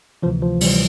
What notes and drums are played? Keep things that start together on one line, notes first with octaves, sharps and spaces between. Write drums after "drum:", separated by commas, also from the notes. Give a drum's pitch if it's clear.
D2 C3 E3 F3
F3
D2 C3 E3 G3, drum: open hi-hat